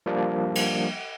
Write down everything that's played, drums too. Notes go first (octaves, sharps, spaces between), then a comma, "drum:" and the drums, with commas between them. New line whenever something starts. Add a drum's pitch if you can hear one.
F3 G3 A#3 D4
drum: cymbal